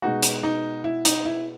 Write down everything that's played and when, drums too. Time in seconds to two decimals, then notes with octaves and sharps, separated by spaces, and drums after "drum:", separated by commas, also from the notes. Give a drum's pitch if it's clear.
0.02 B2 G#3 B3 D#4 F#4
0.22 drum: hi-hat
0.43 D#4
0.84 E4
1.05 D#4, drum: hi-hat
1.25 E4